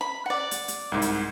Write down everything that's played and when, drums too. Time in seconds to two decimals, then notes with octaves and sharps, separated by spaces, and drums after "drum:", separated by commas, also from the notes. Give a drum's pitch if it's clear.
0.01 B5
0.26 D5 F#5
0.51 drum: hi-hat
0.68 drum: hi-hat
0.92 C2 G#2
1.02 drum: hi-hat